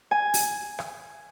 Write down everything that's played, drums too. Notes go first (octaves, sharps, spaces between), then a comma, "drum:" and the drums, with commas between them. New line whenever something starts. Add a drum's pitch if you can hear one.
G#5
drum: open hi-hat
drum: rim click